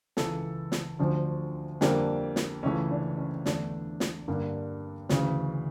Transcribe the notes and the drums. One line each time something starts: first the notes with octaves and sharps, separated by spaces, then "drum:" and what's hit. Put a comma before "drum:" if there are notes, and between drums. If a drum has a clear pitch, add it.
C#2 C#3 E3 A4, drum: snare
drum: snare
D2 D3 F3
F2 D3 G3 A#3, drum: snare
drum: snare
C#2 C#3 E3 A3 C#4
D4
C#4
E2 D3 A3 D4, drum: snare
drum: snare
G2 D3 G3 A#3
D2 C#3 E3, drum: snare